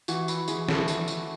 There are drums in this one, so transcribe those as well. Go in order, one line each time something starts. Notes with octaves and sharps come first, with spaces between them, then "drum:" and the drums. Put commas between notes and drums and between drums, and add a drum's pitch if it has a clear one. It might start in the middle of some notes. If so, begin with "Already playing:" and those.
E3 F#4, drum: tambourine
E4, drum: tambourine
E3 G#3, drum: tambourine
A3, drum: snare
drum: tambourine
drum: tambourine